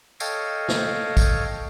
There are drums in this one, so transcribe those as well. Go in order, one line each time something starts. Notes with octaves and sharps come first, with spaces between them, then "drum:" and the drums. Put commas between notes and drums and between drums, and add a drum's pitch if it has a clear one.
A4 C#5 D#5 F5 G5, drum: tambourine
drum: snare
drum: kick, tambourine